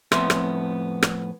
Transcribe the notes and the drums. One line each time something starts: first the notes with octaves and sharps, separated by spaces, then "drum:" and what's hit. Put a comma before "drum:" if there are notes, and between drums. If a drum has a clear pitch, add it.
F2 A2 B3 E5 C6, drum: rim click
drum: rim click
drum: rim click